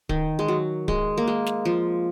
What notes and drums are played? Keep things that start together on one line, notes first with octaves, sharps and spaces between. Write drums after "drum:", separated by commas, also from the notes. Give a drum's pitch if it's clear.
D#3, drum: kick D1
G#3
F#3
G#3, drum: kick D1
A#3
G#3
drum: snare
F3